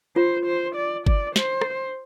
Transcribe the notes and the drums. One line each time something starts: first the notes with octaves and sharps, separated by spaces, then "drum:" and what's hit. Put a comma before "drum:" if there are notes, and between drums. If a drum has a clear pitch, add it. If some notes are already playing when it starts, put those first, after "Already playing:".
F4 C5
C5
D5
D5, drum: kick G1
C5, drum: snare
drum: rim click